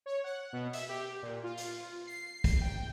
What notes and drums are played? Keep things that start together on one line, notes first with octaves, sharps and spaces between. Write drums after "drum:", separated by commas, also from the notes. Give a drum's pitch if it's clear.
C#5
F#5
B2
E5, drum: hi-hat
G4
A#2
F4
drum: hi-hat
C7
drum: kick, hi-hat
G5